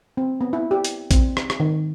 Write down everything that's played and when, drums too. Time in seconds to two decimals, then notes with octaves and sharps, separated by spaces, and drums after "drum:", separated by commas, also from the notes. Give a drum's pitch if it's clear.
0.17 C4
0.41 B3
0.53 E4
0.71 G4
0.84 drum: hi-hat
1.11 C4, drum: kick A#1, hi-hat
1.37 drum: rim click
1.50 drum: rim click
1.60 D#3